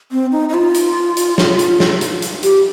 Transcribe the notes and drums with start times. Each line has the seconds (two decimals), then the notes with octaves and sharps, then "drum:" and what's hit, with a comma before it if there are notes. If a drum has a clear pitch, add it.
0.11 C4
0.32 D#4
0.49 D#4
0.54 F4
0.75 drum: hi-hat
1.17 drum: hi-hat
1.38 drum: snare
1.59 drum: hi-hat
1.80 drum: snare
2.01 drum: hi-hat
2.22 drum: hi-hat
2.43 G4, drum: hi-hat